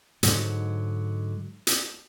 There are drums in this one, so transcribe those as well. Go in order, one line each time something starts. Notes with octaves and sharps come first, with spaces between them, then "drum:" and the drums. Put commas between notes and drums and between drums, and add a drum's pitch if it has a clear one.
G#2 D3 F#3, drum: hi-hat
drum: hi-hat